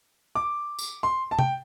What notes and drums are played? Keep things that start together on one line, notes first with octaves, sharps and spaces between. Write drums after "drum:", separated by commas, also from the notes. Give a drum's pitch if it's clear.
D6
drum: tambourine
C6
A5
G5, drum: tom C3